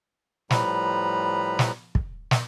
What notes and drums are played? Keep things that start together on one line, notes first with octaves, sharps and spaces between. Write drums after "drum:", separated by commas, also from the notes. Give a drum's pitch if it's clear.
A2 F3 G3 B4 A#5 B5, drum: snare
drum: snare
drum: kick
drum: snare